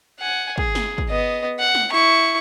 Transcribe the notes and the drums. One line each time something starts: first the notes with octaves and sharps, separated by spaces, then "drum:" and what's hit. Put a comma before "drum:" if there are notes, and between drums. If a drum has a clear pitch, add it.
F#5 G#5
G#4, drum: kick
drum: snare
drum: kick
B3 D#5
F#5
drum: snare
E4 C#6